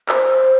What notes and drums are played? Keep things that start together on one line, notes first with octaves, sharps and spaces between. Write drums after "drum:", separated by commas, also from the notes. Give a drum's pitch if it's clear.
C5, drum: clap